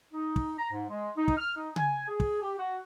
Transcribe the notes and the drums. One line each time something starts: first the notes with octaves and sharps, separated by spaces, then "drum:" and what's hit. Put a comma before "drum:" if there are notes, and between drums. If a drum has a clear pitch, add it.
D#4
drum: kick
A#5
G#2
G#3
D#4
drum: kick
F6
D#4
G#5, drum: tom C#3
G#4
drum: kick
G4
F#4